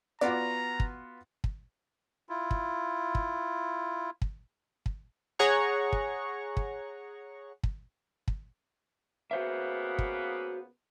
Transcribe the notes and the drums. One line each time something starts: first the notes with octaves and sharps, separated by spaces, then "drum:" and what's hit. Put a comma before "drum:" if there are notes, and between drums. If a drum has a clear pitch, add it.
B3 F4 F#4 D5 A#5
drum: kick
drum: kick
E4 F4
drum: kick
drum: kick
drum: kick
drum: kick
G#4 C#5 F#5 A#5 C#6
drum: kick
drum: kick
drum: kick
drum: kick
C#3 A#3 B3 F#4 C5 E5
drum: kick